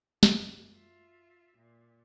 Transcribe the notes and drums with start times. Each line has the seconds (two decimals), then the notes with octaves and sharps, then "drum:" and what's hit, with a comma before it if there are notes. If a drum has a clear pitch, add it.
0.23 F#2 A#3, drum: snare
0.74 F4 E5
1.57 A#2